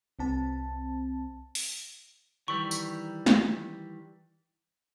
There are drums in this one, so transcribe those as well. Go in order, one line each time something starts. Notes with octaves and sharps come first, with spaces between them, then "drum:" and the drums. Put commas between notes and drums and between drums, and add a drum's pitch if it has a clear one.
C2 C4 A5
drum: open hi-hat
D#3 E3 G3 C#6
drum: tambourine
drum: snare